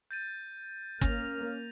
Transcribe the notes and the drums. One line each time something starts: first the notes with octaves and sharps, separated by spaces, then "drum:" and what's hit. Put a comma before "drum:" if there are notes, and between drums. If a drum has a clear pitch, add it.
G6 A6 D#7
A#3 C#4 F6 A#6 F7, drum: kick